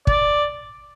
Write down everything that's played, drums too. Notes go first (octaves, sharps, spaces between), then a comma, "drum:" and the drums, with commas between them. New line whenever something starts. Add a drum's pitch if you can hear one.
D5, drum: kick